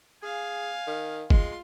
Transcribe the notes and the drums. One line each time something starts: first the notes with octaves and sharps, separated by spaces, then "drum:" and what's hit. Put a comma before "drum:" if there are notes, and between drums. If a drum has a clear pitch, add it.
G#4 F5 G#5
D#3
G#3 F4 C6, drum: kick